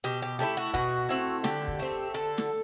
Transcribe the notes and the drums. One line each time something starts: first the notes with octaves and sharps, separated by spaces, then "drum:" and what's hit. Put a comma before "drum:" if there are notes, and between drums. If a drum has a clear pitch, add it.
B2 G4
G4
A3 C4 E4 G4
F#4
B2 F#4, drum: kick
A3 C4 E4
D3 G4, drum: snare
drum: kick
A3 C4
D3 A4
drum: snare